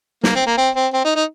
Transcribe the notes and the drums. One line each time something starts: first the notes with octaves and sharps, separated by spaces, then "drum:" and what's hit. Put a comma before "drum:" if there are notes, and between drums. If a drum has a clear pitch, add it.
A#3, drum: snare
C4
A#3
C4
C4
C4
D#4
D#4